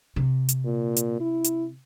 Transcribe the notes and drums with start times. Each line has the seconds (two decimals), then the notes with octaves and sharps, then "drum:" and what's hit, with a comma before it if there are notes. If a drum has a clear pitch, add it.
0.16 C3
0.49 drum: hi-hat
0.65 A#2
0.96 drum: hi-hat
1.20 E4
1.44 drum: hi-hat